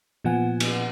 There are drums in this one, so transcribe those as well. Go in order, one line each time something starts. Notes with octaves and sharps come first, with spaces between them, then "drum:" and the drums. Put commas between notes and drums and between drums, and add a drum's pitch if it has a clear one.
A#2 F3 B3 F#5 G#5
drum: cymbal